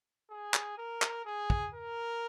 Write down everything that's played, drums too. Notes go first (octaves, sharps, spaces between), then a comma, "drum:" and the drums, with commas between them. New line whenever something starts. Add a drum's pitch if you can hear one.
G#4
drum: clap
A#4
drum: clap
G#4
drum: kick
A#4